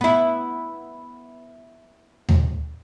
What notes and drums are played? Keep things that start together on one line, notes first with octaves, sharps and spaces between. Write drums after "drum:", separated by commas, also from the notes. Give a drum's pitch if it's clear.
B3 E4
drum: tom D#2